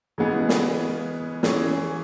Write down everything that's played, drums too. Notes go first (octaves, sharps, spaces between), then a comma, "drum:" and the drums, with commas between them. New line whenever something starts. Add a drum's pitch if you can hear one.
C#3 E3 G#3 B3 G#4
drum: snare
E3 C#4 G#4, drum: snare